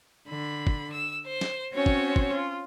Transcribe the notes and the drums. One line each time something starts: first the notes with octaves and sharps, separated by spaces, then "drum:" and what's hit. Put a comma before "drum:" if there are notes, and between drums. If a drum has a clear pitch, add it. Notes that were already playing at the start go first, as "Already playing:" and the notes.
D3 B5
drum: kick
E6
C5
drum: snare
C4 C#4 F#4 C5 C#5
drum: kick
drum: kick
F4